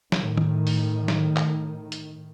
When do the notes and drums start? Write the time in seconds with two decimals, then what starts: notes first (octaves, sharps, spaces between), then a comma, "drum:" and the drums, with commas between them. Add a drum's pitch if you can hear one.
0.12 A2 D#3, drum: snare
0.38 drum: tom
0.67 drum: open hi-hat
1.08 drum: snare
1.36 drum: clap
1.92 drum: hi-hat